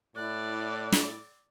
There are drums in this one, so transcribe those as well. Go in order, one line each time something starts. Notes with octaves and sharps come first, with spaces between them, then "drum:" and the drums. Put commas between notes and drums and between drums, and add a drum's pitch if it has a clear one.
A2 E4 D5 F#6
drum: snare